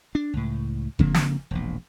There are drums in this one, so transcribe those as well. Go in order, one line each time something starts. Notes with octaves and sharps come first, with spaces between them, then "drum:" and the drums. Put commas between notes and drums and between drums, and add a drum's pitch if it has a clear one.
D4
C#2 A2
C#3 F3 A#3 C4, drum: kick F1
drum: snare
E1 A#1